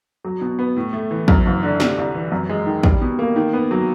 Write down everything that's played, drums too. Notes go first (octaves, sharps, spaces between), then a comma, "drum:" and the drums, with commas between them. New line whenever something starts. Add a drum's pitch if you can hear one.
F#3
B2
B3
A2
A3
E3
F#2, drum: kick
F#1
D3
C3, drum: snare
C2
E3
F#2
G#3
D#3
G3, drum: kick
B2
A#3
D#3
B3
F#3